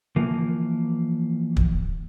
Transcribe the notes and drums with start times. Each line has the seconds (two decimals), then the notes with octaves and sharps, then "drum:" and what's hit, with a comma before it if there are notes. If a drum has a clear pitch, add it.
0.16 E3 F3 A#3
1.56 drum: kick